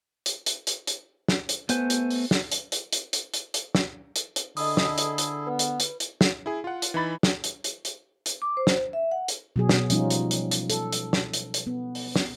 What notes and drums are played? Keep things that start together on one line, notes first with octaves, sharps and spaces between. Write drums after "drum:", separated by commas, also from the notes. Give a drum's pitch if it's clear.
drum: hi-hat
drum: hi-hat
drum: hi-hat
drum: hi-hat
drum: snare
drum: hi-hat
A3 B3 B4 C5 G#5, drum: hi-hat
drum: hi-hat
drum: open hi-hat
drum: snare
drum: hi-hat
drum: hi-hat
drum: hi-hat
drum: hi-hat
drum: hi-hat
drum: hi-hat
drum: snare
drum: hi-hat
drum: hi-hat
D3 E4 G#4 A4 D#5 D#6, drum: open hi-hat
drum: snare
drum: hi-hat
drum: hi-hat
B3 B4
drum: hi-hat
drum: hi-hat
drum: hi-hat
drum: snare
E4 G#4
F4 F#5
drum: hi-hat
E3 D#4 B5 A6
drum: snare
drum: hi-hat
drum: hi-hat
drum: hi-hat
drum: hi-hat
D6
C5
drum: snare
E5
F#5
drum: hi-hat
B2 F#3 G#4
drum: snare
F3 G3 C#4 D#4 F4, drum: hi-hat
drum: hi-hat
drum: hi-hat
drum: hi-hat
A4, drum: hi-hat
drum: hi-hat
drum: snare
drum: hi-hat
drum: hi-hat
B3
drum: open hi-hat
drum: snare